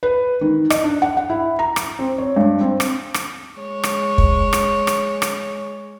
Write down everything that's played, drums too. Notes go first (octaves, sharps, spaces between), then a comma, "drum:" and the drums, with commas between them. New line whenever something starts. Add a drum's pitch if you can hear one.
B4
D#3
D#5, drum: rim click
D4
F#5
F#5
E4
A#5
drum: rim click
C4
C#5
G2
C4
drum: rim click
drum: rim click
G#3 C#5
drum: rim click
drum: kick
drum: rim click
drum: rim click
drum: rim click